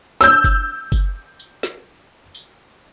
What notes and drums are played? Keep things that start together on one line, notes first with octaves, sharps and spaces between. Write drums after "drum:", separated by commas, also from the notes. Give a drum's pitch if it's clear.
E6 G6, drum: snare
drum: kick F#1, tambourine
drum: kick F#1, tambourine
drum: tambourine
drum: snare
drum: tambourine